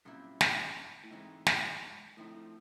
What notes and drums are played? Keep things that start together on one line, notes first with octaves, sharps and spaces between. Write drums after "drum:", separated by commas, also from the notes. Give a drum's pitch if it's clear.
F#2 A#2 G3 C4 E4
drum: snare
A2
G#2 E3 A3 C4 D#4
drum: snare
A2 D3 F3 A3 C4 D#4